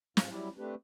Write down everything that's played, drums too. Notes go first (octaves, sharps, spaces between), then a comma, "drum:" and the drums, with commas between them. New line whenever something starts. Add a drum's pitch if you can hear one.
G#2 F4, drum: snare
F#3 G3 E4 G4
A3 C4 D4 G4 B4